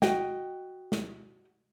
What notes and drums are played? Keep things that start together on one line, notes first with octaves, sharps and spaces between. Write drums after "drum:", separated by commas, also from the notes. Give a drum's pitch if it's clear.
F#4 D#5 G5, drum: snare
drum: snare